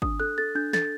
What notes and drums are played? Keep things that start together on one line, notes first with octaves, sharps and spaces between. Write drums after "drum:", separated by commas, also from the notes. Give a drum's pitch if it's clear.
D4 D#6, drum: kick G#1
A4 F#6
A4 A6
D4 G6
A4 A6, drum: snare